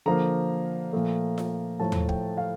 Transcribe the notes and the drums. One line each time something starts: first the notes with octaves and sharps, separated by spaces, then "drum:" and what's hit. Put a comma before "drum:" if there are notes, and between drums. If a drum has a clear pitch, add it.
D3 F3 A#3 A#5
A#2 F3 A3
drum: snare F4
A2 F3 A3 A5
drum: tom D#2
G5, drum: kick
F5